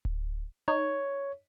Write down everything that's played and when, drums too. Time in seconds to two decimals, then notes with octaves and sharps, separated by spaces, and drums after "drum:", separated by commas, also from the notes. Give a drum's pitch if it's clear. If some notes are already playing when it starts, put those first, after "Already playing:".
0.05 drum: kick D1
0.68 D#4 C#5